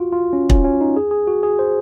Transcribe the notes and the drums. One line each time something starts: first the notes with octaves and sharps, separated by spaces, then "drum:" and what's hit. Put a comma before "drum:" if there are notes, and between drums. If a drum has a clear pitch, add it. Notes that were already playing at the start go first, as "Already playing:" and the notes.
Already playing: F4 F#4
F4
C#4
C#4, drum: kick
C#4
D#4
G#4
G#4
F#4
G#4
C5